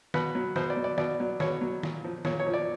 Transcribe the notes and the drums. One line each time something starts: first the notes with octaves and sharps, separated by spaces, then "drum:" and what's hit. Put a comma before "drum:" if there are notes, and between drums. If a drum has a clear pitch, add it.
B2 B4, drum: snare D#3
F#3
B2 C5, drum: snare D#3
D5
F#3
D5
B2 D5, drum: snare D#3
F#3
B2 C#5, drum: snare D#3
F#3
A#2, drum: snare D#3
F3
A#2 C#5, drum: snare D#3
C#5
F3
D5